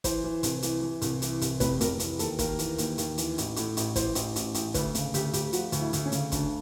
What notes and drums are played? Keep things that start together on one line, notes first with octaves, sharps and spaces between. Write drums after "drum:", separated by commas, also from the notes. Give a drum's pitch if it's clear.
E3 C5, drum: kick, hi-hat
E3
C2, drum: hi-hat
E3, drum: hi-hat
E3
C2, drum: hi-hat
E3, drum: hi-hat
C2, drum: hi-hat
F1 B4, drum: kick, hi-hat
F1 A#4, drum: hi-hat
E3, drum: hi-hat
D#2 A4, drum: hi-hat
D#2 A#4, drum: kick, hi-hat
E3, drum: hi-hat
D#2, drum: hi-hat
D#2, drum: hi-hat
E3, drum: hi-hat
A1, drum: hi-hat
A2, drum: hi-hat
A1, drum: hi-hat
E3 C5, drum: kick, hi-hat
A1, drum: hi-hat
A1, drum: hi-hat
A1, drum: hi-hat
D2 B4, drum: kick, hi-hat
C#3, drum: hi-hat
D2 G4, drum: hi-hat
D2 G4, drum: hi-hat
F3 F#4, drum: hi-hat
D2, drum: hi-hat
E4
D2, drum: hi-hat
C#4
C#3, drum: hi-hat
D2 D4, drum: kick, hi-hat